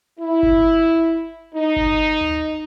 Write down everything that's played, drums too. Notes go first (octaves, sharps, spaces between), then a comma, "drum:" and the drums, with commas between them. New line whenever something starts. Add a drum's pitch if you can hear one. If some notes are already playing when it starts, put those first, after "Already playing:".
E4
drum: kick G1
D#4
drum: kick G1
drum: tom D2